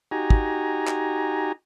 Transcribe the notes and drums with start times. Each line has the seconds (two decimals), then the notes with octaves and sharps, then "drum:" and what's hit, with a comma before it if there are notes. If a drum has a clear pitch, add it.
0.11 D#4 F#4 G4 G#5 A#5
0.30 drum: kick
0.87 drum: clap